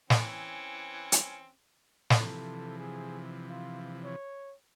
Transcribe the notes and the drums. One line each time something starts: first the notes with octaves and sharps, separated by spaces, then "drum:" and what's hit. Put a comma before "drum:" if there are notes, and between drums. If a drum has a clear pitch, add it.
E3 C4 C#4, drum: snare
drum: hi-hat
drum: snare
C3 E3 F3 A4
G#4
F4
C#5